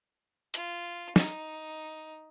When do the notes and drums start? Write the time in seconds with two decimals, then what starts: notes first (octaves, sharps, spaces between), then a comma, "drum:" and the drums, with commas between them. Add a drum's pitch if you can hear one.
0.54 F4, drum: hi-hat
1.16 D#4, drum: snare